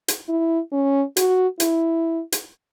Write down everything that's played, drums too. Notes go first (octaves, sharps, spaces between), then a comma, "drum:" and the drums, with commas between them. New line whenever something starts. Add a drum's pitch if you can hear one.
drum: hi-hat
E4
C#4
F#4, drum: hi-hat
E4, drum: hi-hat
drum: hi-hat